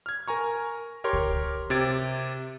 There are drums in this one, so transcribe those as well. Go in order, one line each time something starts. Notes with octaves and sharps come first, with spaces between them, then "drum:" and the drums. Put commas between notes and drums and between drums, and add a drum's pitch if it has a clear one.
F6 G#6
A#4 G#5 A#5 C#6
G4 A#4 C#5 C6
drum: kick C#2
C3 G4 G#6 A6 D7